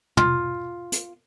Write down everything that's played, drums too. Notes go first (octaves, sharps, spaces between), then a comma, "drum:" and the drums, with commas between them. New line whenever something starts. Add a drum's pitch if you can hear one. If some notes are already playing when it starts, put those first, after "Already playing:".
F4, drum: tom
drum: hi-hat